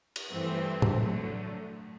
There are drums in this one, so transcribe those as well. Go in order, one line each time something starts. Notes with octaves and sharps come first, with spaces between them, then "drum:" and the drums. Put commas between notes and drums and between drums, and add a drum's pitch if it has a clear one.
drum: cymbal
G2 E3 A3 C4
drum: tom A2
D3 F#3 A3